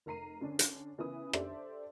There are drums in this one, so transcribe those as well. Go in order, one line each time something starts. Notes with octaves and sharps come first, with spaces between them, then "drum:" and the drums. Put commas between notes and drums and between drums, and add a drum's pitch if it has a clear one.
F1 A#4 A#5 C7 D#7
D3 C#4 D4
drum: hi-hat
C#3 E3 B3 B4 D#6
D4 G4 A4 C5 D5 E5, drum: rim click